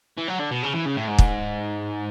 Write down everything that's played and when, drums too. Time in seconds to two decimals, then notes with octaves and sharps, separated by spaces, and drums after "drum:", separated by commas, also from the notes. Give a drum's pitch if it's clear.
0.18 E3
0.28 F#3
0.39 D3
0.51 B2
0.63 C#3
0.75 E3
0.86 C#3
0.96 A2
1.08 G#2
1.18 drum: kick